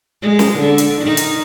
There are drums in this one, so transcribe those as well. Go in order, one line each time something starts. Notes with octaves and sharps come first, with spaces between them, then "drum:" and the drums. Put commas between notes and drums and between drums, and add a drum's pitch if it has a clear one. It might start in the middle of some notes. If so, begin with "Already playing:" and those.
G#3
drum: snare
D3
drum: hi-hat
D#3 D#4
drum: hi-hat